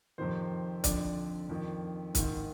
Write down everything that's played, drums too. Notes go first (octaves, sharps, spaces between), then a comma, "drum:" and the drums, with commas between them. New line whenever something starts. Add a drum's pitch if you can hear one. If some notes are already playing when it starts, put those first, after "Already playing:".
F2 C3 D#3 C5
F2 D3 D5, drum: kick, hi-hat
F2 D#3
G#2 D#3, drum: kick, hi-hat